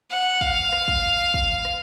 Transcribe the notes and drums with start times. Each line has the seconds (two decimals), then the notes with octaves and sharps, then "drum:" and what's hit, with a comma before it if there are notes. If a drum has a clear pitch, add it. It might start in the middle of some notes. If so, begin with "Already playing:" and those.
0.11 F#5
0.41 F5, drum: kick
0.72 drum: rim click
0.88 drum: kick
1.34 drum: kick
1.65 drum: rim click